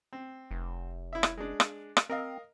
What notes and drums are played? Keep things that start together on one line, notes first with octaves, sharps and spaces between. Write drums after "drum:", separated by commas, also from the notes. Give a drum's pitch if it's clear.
C4
F1
E4 E5
drum: rim click
G#3 D4
drum: rim click
drum: rim click
C4 A#4 D#5 F5